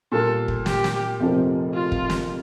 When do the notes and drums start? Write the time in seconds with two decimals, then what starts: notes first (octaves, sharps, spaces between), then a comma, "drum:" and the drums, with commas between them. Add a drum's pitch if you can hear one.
0.12 A#2 G3 A#3 A4
0.48 drum: kick
0.66 G4, drum: snare
0.84 drum: snare
1.20 F1 F2 C3 F3 A#3
1.74 F4
1.92 drum: kick
2.10 drum: snare